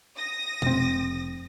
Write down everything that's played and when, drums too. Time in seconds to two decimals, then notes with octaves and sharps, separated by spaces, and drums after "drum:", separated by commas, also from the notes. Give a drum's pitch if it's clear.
0.16 D#6 A#6
0.62 F1 C4, drum: tom B2